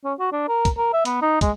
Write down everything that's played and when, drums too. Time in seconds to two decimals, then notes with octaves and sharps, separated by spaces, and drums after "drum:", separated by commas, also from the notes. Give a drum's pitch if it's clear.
0.04 C#4
0.19 F#4
0.32 D4
0.48 A#4
0.65 drum: kick, hi-hat
0.78 A#4
0.93 E5
1.05 B3, drum: hi-hat
1.22 D#4
1.41 G#3, drum: kick, hi-hat